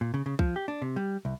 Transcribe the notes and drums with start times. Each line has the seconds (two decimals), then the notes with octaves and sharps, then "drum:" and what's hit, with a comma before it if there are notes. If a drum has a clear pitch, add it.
0.01 A#2
0.14 C#3
0.26 C#3
0.39 F3, drum: kick C2
0.56 G4
0.68 D4
0.82 C3
0.96 G3
1.25 C2